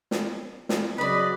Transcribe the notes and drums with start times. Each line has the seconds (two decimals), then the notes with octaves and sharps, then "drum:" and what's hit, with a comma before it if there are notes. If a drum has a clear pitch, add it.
0.11 drum: snare
0.69 drum: snare
0.98 C#3 F#3 B4 D5 D#5 B5